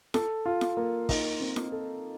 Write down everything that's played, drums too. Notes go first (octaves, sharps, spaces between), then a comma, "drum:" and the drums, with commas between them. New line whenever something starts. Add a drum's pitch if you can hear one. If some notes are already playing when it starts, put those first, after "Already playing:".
A4, drum: snare
F4
drum: snare
A#3
D#4, drum: kick, open hi-hat
C4
drum: snare
A4